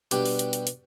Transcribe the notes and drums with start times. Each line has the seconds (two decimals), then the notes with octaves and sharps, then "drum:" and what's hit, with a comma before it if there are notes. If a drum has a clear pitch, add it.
0.11 B2 G3 D4 G4, drum: hi-hat
0.25 drum: open hi-hat
0.39 drum: hi-hat
0.53 drum: hi-hat
0.67 drum: hi-hat